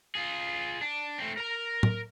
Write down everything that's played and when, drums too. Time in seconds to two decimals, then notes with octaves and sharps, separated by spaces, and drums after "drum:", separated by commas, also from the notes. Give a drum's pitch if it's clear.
0.15 F4 G#4
0.81 D4
1.18 A3 C4
1.37 A#4 A#5
1.83 drum: tom A2